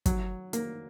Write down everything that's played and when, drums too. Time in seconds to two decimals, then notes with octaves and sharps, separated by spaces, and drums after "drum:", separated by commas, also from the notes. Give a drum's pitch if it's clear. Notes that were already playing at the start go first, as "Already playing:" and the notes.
0.06 F#3, drum: kick, hi-hat
0.53 A#3, drum: hi-hat